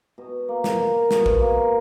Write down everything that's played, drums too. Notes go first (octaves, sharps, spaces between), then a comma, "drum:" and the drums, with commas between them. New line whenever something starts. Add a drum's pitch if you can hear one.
B2
A#3
drum: snare
A#3
B2, drum: snare
drum: kick A#1
A#3